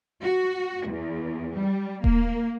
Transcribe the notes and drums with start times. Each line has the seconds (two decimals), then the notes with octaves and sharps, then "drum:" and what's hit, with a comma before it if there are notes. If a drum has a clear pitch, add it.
0.23 F#4
0.87 E2
1.56 G3
2.04 A#3, drum: kick D#1